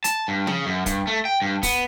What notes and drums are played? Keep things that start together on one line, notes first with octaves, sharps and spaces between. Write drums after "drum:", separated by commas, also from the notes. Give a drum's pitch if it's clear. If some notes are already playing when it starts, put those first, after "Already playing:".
A5, drum: hi-hat
G2
C#3, drum: tom
F#2
G2, drum: kick, hi-hat
A3
G5
G2
B3, drum: kick, open hi-hat